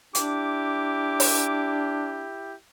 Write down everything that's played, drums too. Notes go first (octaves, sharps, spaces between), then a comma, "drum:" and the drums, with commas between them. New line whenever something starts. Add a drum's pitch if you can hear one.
D4 E4 G4 D6, drum: hi-hat
drum: open hi-hat